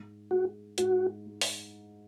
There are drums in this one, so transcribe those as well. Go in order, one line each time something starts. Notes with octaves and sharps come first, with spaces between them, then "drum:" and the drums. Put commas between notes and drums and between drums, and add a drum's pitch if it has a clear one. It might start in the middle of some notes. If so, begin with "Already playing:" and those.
Already playing: G#2
G#3 F#4
G#2 F#4, drum: hi-hat
G#3
drum: open hi-hat